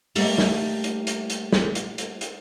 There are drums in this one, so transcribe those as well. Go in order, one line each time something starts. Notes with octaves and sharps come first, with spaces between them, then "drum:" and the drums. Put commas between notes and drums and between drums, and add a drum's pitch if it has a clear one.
G3 A3 A#3, drum: open hi-hat
drum: snare
drum: hi-hat
drum: hi-hat
drum: hi-hat
drum: snare
drum: hi-hat
drum: hi-hat
drum: hi-hat